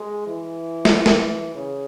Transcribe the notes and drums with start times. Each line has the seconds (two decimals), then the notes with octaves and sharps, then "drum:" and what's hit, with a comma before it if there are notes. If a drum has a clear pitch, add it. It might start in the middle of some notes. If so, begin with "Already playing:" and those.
Already playing: G#3
0.27 E3
0.85 drum: snare
1.06 drum: snare
1.55 C#3